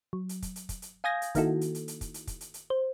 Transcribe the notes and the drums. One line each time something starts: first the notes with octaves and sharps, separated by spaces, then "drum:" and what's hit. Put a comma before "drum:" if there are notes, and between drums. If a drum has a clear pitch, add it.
F#3
drum: hi-hat
drum: kick, hi-hat
drum: hi-hat
drum: kick, hi-hat
drum: hi-hat
F5 G#5 D#6 G6 G#6 A#6
drum: hi-hat
D#3 A#3 D#4 E4 F#4 A4, drum: kick, hi-hat
drum: hi-hat
drum: hi-hat
drum: hi-hat
drum: kick, hi-hat
drum: hi-hat
drum: kick, hi-hat
drum: hi-hat
drum: hi-hat
C5